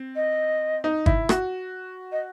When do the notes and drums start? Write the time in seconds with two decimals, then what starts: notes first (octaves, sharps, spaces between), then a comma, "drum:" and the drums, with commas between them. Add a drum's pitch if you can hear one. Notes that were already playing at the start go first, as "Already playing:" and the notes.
Already playing: C4
0.16 D#5
0.84 D#4
1.06 E4, drum: kick
1.29 F#4, drum: rim click
2.12 D#5